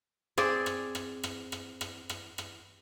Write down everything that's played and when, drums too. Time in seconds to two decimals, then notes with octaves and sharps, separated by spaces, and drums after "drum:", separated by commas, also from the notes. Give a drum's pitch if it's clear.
0.38 C4 G#4 D5, drum: rim click
0.66 drum: rim click
0.95 drum: rim click
1.23 drum: rim click
1.52 drum: rim click
1.81 drum: rim click
2.09 drum: rim click
2.38 drum: rim click